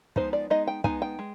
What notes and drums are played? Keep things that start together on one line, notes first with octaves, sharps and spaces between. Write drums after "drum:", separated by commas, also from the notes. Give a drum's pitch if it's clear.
F3 G#3 B3 D#4 C5, drum: kick
D5
G#3 B3 D#4 D#5
G5
G#3 B3 D#4 G#5, drum: kick
G5
G#3